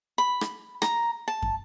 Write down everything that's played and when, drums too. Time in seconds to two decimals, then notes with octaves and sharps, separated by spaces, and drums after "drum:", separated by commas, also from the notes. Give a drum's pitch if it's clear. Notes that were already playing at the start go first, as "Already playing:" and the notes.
0.18 B5
0.41 drum: rim click
0.82 A#5, drum: rim click
1.28 A5
1.42 drum: kick